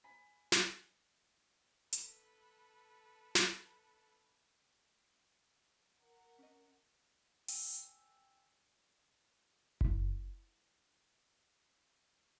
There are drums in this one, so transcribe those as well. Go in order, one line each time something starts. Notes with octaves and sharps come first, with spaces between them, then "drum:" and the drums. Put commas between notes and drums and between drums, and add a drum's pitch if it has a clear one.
G#5 B5 B6
drum: snare
A4 B4, drum: hi-hat
drum: snare
A#4 F#5
C#4 D#5
G5 G#5 E6, drum: open hi-hat
E4 B6, drum: kick F#1